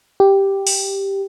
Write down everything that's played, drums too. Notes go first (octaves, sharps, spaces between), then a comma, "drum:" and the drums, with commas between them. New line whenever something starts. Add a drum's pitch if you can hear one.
G4
drum: open hi-hat